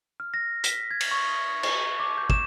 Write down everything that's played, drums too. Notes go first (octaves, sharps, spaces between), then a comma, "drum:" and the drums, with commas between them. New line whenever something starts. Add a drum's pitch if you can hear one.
F6
A#6
B6, drum: hi-hat
G#6
drum: cymbal
C#6
C#6, drum: cymbal
D6
G6
E7, drum: kick